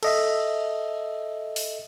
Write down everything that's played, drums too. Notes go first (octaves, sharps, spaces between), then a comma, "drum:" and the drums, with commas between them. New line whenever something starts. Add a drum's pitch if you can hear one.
A4 D#5 E5, drum: cymbal
drum: open hi-hat